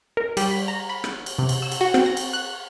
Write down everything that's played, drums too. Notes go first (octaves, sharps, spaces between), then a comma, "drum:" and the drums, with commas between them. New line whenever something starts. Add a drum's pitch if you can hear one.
A#4
G3, drum: cymbal
B6
A#5
B5
drum: rim click
drum: cymbal
C3
drum: cymbal
E6
drum: cymbal
F#4
C4, drum: rim click
A#6
drum: cymbal
F#6